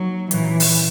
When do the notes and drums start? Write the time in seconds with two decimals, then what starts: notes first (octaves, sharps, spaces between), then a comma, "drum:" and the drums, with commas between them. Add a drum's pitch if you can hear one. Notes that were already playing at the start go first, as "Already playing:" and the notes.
Already playing: F#3 A#3 D#4 A#4 C#5
0.31 A#2 E3 F#3 C#4 F#4, drum: hi-hat
0.60 drum: open hi-hat